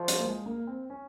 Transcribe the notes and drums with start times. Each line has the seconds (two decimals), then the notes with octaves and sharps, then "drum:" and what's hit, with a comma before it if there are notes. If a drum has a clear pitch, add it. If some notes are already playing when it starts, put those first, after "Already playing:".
Already playing: F3
0.08 F#3, drum: hi-hat
0.18 A#3
0.24 G#3
0.46 A#3
0.67 C4
0.90 C#4